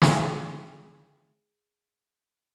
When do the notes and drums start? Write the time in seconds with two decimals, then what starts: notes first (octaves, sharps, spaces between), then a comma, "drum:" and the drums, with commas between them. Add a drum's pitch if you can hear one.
0.02 G#4 F5 G5 G#5, drum: snare